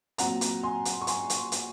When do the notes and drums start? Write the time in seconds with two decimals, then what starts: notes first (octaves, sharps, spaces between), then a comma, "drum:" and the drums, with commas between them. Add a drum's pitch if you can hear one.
0.18 A#2 F#3 C4 F#5 A#5, drum: hi-hat
0.41 drum: hi-hat
0.63 G#5 C6
0.85 drum: hi-hat
1.01 C#6
1.07 G#5 C6, drum: hi-hat
1.30 drum: hi-hat
1.52 drum: hi-hat